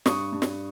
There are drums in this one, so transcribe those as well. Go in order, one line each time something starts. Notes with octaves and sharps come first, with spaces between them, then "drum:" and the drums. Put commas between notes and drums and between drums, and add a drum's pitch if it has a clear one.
G2 C#6 D#6, drum: snare
G2
drum: snare